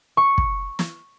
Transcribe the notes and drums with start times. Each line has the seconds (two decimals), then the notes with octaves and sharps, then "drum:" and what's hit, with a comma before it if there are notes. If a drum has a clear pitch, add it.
0.17 C#6
0.38 drum: kick
0.79 drum: snare